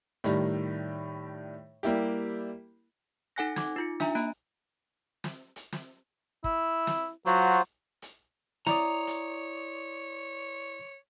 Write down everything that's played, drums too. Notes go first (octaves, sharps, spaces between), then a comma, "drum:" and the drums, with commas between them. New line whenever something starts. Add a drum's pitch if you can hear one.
A2 D#3 G3, drum: hi-hat
G3 A#3 E4 G4, drum: hi-hat
D#4 A4 F#5 G#5 F#6 A#6
D6 G#6, drum: snare
D#4 F4 C#7
D4 E5 G#5 A#5, drum: snare
A#3 A#5 F#6 D7, drum: hi-hat
drum: snare
drum: hi-hat
drum: snare
E4, drum: kick
drum: snare
F#3 F4 F#4 C5, drum: hi-hat
drum: hi-hat
drum: hi-hat
E4 C#5 D5 A#5 D#6, drum: snare
drum: hi-hat